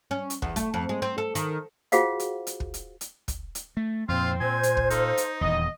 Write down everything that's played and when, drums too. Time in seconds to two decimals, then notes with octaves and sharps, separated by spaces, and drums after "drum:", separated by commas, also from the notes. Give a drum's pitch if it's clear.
0.11 C#4
0.30 drum: hi-hat
0.42 E2, drum: kick
0.56 A3, drum: hi-hat
0.74 F2
0.89 G#3
1.02 C4
1.18 A4
1.35 D#3, drum: hi-hat
1.92 F4 F#4 G#4 C5 F5 F#5, drum: hi-hat
2.20 drum: hi-hat
2.47 drum: hi-hat
2.60 drum: kick
2.74 drum: hi-hat
3.01 drum: hi-hat
3.28 drum: kick, hi-hat
3.55 drum: hi-hat
3.77 A3
4.09 F2 A#2 C4 F4
4.41 A#2 C5 G#5
4.63 drum: hi-hat
4.77 drum: kick
4.90 D#4 A4 F5, drum: hi-hat
5.17 drum: hi-hat
5.41 D#1 E2 D#5